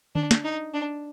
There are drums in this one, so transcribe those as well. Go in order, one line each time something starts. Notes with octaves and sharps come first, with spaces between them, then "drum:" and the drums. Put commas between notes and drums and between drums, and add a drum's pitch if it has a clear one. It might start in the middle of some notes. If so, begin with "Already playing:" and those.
D4, drum: tom D3
drum: snare
D#4
D4